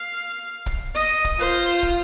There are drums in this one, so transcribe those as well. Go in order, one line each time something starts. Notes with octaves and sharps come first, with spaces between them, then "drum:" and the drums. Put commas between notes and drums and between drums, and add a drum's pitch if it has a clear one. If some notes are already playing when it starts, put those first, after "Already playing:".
Already playing: F5
drum: kick
D#5
drum: kick
F4 C5
drum: kick